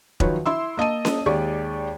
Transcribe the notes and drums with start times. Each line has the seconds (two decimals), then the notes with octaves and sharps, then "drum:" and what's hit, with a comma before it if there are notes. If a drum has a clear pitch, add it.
0.20 D#3 F3 F#3 B4 C#5, drum: kick E1
0.46 E4 C6 E6
0.77 A#3 D#5 A5 D#7
1.05 drum: snare C#4
1.26 D#2 G#3 G4 D5 C#6